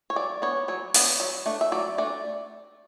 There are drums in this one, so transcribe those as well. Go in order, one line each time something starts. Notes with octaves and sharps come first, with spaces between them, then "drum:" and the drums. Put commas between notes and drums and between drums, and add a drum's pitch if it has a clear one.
C#5
F#3 D5
B3 D4 C#5
F#3 C#5
B3 D4, drum: open hi-hat
F#3
A3 D4
E5
F#3 D5
A3 D4 D5